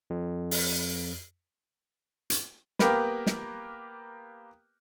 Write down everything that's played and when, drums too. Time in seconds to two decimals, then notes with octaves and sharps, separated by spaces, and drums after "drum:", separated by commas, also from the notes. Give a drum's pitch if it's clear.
0.10 F2
0.51 drum: open hi-hat
2.30 drum: hi-hat
2.79 A#3 B3 G4 A#4 B4, drum: snare
3.26 drum: snare